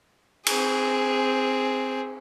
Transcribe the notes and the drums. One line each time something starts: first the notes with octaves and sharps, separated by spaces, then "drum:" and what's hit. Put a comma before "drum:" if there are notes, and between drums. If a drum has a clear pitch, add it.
C4 G#4, drum: cymbal